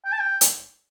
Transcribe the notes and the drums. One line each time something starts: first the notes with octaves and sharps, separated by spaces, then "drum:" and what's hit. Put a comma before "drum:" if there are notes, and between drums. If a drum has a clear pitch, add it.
G5
A5
G5
drum: hi-hat